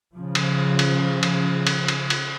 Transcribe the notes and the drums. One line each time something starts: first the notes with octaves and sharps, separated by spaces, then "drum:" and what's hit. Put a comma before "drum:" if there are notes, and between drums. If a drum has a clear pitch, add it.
C#3 F3
drum: cymbal
drum: cymbal
drum: cymbal
drum: cymbal
drum: cymbal
drum: cymbal